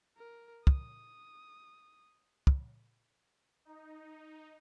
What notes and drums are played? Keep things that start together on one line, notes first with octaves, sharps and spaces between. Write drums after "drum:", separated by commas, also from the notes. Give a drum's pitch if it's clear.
A#4
D#6, drum: kick
drum: kick
D#4